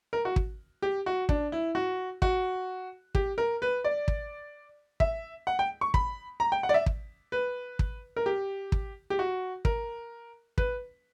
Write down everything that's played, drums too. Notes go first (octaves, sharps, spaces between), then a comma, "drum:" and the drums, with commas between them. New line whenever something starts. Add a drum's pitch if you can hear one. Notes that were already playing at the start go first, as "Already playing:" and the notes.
A#4
F#4
drum: kick
G4
F#4
D4, drum: kick
E4
F#4
F#4, drum: kick
G4, drum: kick
A#4
B4
D5
drum: kick
E5, drum: kick
F#5
G5
C#6
B5, drum: kick
A#5
G5
F#5
D5
E5
drum: kick
B4
drum: kick
A#4
G4
drum: kick
G4
F#4
A#4, drum: kick
B4, drum: kick